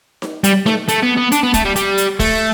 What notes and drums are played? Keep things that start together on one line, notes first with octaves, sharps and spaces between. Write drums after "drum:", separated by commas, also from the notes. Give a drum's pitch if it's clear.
drum: snare D#4
G3, drum: hi-hat
A3, drum: snare D#4
A3, drum: hi-hat
B3
B3
D4, drum: hi-hat
B3
A3, drum: kick, hi-hat
G3
G3, drum: hi-hat
drum: hi-hat
A3, drum: kick, open hi-hat